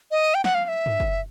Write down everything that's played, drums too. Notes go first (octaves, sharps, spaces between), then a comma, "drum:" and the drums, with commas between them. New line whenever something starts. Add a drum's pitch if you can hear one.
D#5
G5
F#5, drum: snare
F5
F5
E5
drum: tom G2
drum: kick F#1